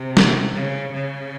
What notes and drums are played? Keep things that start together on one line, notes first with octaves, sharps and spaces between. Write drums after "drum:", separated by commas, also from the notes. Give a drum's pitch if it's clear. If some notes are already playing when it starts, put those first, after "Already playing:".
Already playing: C3
drum: snare
C#3
C#3